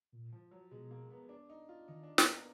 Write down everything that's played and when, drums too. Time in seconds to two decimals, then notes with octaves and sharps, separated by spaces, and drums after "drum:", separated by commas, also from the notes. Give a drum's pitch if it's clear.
0.13 A#2
0.32 F3
0.51 F#3
0.71 B2 G#3
0.91 A#3
1.10 B3
1.29 D4
1.49 D#4
1.69 F4
1.88 D#3 D#4
2.03 D4
2.18 B3, drum: snare
2.32 A#3